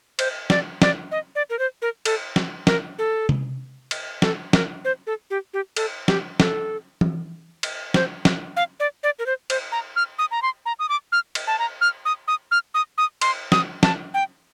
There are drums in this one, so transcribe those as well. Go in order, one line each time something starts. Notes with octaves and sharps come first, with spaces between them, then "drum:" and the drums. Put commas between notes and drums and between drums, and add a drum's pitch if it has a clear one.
C5, drum: cymbal
D5, drum: snare
D5, drum: snare
D#5
D5
A#4
C5
A#4
A4, drum: cymbal
drum: snare
A#4, drum: snare
A4
drum: tom C3
drum: cymbal
A4, drum: snare
A#4, drum: snare
C5
A4
G4
G4
A4, drum: cymbal
G4, drum: snare
A4, drum: snare
drum: tom E3
drum: cymbal
C5, drum: snare
drum: snare
F5
D5
D5
A#4
C5
C5, drum: cymbal
A#5
F6
D#6
A#5
C6
A#5
D#6
D6
F6
drum: cymbal
A5
A#5
F6
D#6
D#6
F6
D#6
D#6
C6, drum: cymbal
D#6, drum: snare
A5, drum: snare
G5